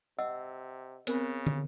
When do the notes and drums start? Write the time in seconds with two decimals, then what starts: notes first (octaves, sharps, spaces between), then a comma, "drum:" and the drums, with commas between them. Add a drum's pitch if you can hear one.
0.18 C3 D#5 F#5 E6
1.07 C#3 B3 C4 A#4 C5 B5, drum: hi-hat
1.47 drum: tom